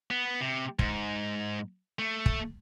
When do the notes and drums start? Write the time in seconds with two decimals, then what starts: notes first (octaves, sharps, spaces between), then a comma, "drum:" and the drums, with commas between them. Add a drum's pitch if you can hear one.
0.10 B3
0.41 C3
0.79 G#2, drum: kick
1.99 A3
2.26 drum: kick